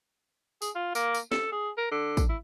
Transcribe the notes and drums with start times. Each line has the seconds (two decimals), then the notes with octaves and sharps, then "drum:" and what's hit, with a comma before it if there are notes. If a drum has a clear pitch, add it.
0.62 G#4, drum: tambourine
0.75 F4
0.95 A#3, drum: tambourine
1.14 drum: tambourine
1.32 A4, drum: snare
1.52 G#4
1.78 A#4
1.92 D3
2.17 drum: kick, tambourine
2.29 E4